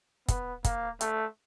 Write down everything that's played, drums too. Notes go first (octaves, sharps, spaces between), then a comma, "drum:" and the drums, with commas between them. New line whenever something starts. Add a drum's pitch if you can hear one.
B3, drum: kick, hi-hat
A#3, drum: kick, hi-hat
A3, drum: hi-hat